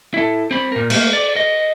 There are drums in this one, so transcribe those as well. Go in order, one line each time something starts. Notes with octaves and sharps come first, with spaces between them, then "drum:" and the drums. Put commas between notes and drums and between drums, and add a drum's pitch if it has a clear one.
E4 A4
C4 B5
A#2 A#4
A3 A#3, drum: cymbal
D5
D#5